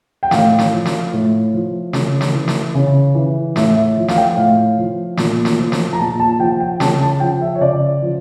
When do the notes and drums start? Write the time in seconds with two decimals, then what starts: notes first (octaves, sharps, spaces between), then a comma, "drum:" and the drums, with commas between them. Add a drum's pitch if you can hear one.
0.23 G5
0.31 A2 F5, drum: snare
0.58 drum: snare
0.72 F3
0.86 drum: snare
1.13 A2
1.53 F3
1.93 C#3, drum: snare
2.21 drum: snare
2.34 E3
2.48 drum: snare
2.75 C#3
3.15 E3
3.56 A2 E5, drum: snare
3.75 E5
3.96 F3
4.08 F5, drum: snare
4.17 G5
4.36 A2 F5
4.78 F3
5.17 A#2, drum: snare
5.45 drum: snare
5.59 F3
5.72 drum: snare
5.93 A#5
5.99 A#2 A5
6.20 A5
6.39 F3 G5
6.60 G5
6.80 C#3 A5, drum: snare
7.01 A5
7.20 F3 G5
7.41 E5
7.55 C#5
7.61 C#3 D5
8.02 F3